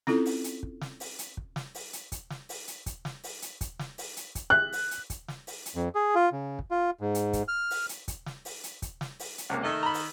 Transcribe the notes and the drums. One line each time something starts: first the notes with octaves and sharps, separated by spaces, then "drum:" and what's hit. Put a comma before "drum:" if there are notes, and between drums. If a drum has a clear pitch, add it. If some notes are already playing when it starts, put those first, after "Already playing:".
C4 C#4 E4 F4 A4, drum: snare
drum: open hi-hat
drum: hi-hat
drum: kick
drum: snare
drum: open hi-hat
drum: hi-hat
drum: kick
drum: snare
drum: open hi-hat
drum: hi-hat
drum: kick, hi-hat
drum: snare
drum: open hi-hat
drum: hi-hat
drum: kick, hi-hat
drum: snare
drum: open hi-hat
drum: hi-hat
drum: kick, hi-hat
drum: snare
drum: open hi-hat
drum: hi-hat
drum: kick, hi-hat
F#6
drum: open hi-hat
drum: hi-hat
drum: kick, hi-hat
drum: snare
drum: open hi-hat
drum: hi-hat
F2
G#4
F4
C#3
drum: kick
F4
G#2
drum: hi-hat
drum: kick, hi-hat
F6
drum: open hi-hat
drum: hi-hat
drum: kick, hi-hat
drum: snare
drum: open hi-hat
drum: hi-hat
drum: kick, hi-hat
drum: snare
drum: open hi-hat
drum: hi-hat
C#2 C3 A#3
D#3 A3 A4 D#5
A#5 B5
drum: open hi-hat